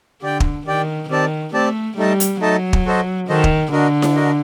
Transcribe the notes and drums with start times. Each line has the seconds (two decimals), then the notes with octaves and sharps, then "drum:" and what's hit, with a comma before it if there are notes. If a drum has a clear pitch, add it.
0.23 D3 G4 D5 G5
0.40 drum: kick
0.67 D#3 G4 D5 G5
1.09 D#3 C4 G4 D5 A5
1.53 A3 C4 G4 D5 A5
1.97 G3 A3 D#4 A4 D#5 A5
2.20 drum: hi-hat
2.41 F#3 A3 D#4 A4 D#5 A5
2.73 drum: kick
2.85 F#4 A4 C5 D#5
3.28 D#3 F#4 A4 C5 D#5
3.44 drum: kick
3.72 D3 D4 F#4 A#4 D#5
4.02 drum: snare E4
4.16 D4 F#4 A#4 D#5